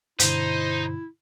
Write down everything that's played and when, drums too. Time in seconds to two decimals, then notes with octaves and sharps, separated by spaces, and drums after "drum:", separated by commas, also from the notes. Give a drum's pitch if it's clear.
0.20 G2 B2 D3 D#4 E4 C5, drum: hi-hat